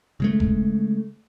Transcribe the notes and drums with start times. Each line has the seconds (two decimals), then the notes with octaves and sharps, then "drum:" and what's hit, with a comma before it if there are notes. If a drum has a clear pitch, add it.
0.20 C#3 G#3 A3
0.40 drum: kick E1